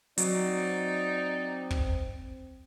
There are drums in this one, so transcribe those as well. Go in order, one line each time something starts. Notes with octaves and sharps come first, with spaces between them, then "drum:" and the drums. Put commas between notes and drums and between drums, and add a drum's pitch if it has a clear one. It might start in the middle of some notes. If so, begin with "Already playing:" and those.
F#3 C4 D#4 D5, drum: hi-hat
drum: kick